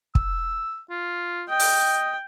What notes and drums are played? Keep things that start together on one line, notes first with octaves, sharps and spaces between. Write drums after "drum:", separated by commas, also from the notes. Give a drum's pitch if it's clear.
E6, drum: kick
F4
D#5 G5
drum: open hi-hat